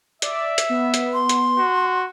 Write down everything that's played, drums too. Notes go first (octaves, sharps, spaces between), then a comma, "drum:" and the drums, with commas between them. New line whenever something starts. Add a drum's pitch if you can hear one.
D5 E5, drum: hi-hat
drum: hi-hat
B3
drum: hi-hat
C6
drum: hi-hat
F#4